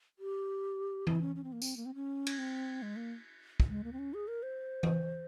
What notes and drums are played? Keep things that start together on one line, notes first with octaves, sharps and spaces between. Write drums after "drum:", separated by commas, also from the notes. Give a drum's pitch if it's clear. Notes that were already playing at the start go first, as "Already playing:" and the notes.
G4
E4, drum: tom E3
C#4
C#4
C4
A#3
C4, drum: tambourine
A#3
C4
C#4
drum: cymbal
C4
G#3
A#3
drum: kick
G#3
A#3
C4
C#4
G#4
A#4
C5
drum: tom E3